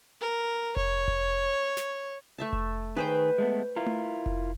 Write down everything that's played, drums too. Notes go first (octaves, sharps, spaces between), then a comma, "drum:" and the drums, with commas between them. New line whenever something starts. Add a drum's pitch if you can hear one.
A#4
C#5, drum: kick F1
drum: kick F1
drum: snare
A3 E5 A5
drum: kick F1
D#3 G#4 B4 C5 G5
G#3 A3 B3
E4 F4 A#4
drum: tom A3
drum: kick F1